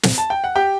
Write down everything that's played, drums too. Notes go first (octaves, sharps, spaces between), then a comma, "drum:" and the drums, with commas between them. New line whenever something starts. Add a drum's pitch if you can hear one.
drum: snare
A5
G5
F#5
G4 G5